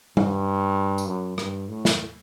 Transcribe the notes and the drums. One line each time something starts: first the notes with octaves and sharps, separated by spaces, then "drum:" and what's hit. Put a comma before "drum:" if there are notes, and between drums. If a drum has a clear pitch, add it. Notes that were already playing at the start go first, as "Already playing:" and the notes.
G2, drum: tom G3
drum: tambourine
F#2
G2, drum: rim click
A2
drum: snare